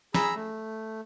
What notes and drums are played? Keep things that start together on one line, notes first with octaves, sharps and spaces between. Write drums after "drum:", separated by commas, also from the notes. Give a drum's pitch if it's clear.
G#4 A#5 B5 E6, drum: snare
A3